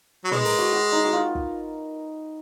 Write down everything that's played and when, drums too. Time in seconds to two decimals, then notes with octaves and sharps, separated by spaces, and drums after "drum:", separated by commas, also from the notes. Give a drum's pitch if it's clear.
0.24 F#3
0.31 G#3 B4, drum: tom
0.45 A#4, drum: open hi-hat
0.58 F#4
0.73 F#4
0.92 D#4
1.05 F#4
1.13 F4
1.35 drum: kick